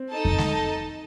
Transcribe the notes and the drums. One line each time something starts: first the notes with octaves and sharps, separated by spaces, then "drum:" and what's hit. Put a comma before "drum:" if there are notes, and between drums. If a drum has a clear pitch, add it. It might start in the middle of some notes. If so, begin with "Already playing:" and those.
Already playing: C4
D#4 A4 D#5 A5
drum: kick F2
drum: snare G#3